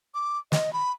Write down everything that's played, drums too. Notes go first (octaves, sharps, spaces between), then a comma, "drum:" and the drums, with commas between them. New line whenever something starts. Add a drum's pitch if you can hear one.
D6
D#5, drum: snare
B5